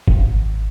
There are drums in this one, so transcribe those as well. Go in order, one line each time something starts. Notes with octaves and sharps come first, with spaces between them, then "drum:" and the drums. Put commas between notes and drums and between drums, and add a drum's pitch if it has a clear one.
G#1, drum: kick